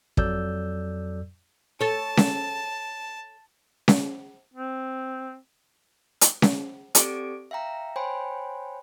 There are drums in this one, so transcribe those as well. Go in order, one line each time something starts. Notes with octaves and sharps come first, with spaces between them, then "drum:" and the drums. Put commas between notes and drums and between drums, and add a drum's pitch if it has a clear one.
F2 F#3 A4 D5 E6 G6, drum: kick
A4 C#5 A5
drum: snare C#4
drum: snare C#4
C4
drum: hi-hat
drum: snare C#4
C4 G4 A4 D5 D6 D7, drum: hi-hat
E5 F5 G5 A#5
C5 C#5 G5 G#5 B5 C6